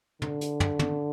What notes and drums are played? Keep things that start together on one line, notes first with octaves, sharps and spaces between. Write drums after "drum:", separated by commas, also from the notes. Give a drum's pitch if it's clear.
D3, drum: tom
drum: hi-hat
drum: tom
drum: tom